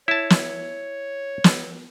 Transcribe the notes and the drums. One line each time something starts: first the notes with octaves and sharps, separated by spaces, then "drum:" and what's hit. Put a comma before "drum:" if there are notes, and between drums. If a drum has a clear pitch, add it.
E4 C#5 A5
drum: snare
drum: snare